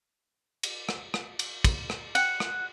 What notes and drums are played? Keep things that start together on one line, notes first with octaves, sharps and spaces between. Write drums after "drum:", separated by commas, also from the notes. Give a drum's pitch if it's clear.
drum: cymbal
drum: rim click
drum: rim click
drum: cymbal
drum: kick, cymbal
drum: rim click
F#5, drum: cymbal
drum: rim click